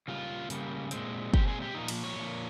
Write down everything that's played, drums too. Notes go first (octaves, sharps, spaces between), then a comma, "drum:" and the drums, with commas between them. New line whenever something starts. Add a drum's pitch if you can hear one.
C#3 G3 A#3 F4
C#3 G3 A#3, drum: hi-hat
A#2 G#3 C4, drum: hi-hat
A#2 G#3 C4 G4, drum: kick
G#4
G4
A#2 F3 A#3 D#4
drum: cymbal
C#5
A#2 F3 A#3